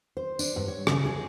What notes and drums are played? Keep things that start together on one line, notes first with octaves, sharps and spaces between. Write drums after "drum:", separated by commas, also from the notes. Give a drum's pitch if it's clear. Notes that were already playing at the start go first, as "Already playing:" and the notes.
C5
D4, drum: tambourine
G2
C#5
C#3, drum: rim click
G#4